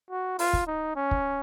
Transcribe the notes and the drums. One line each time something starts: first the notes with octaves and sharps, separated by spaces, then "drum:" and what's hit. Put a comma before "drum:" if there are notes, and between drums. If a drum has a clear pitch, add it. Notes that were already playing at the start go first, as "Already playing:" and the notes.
F#4
F4, drum: open hi-hat
drum: kick
D#4
C#4
drum: kick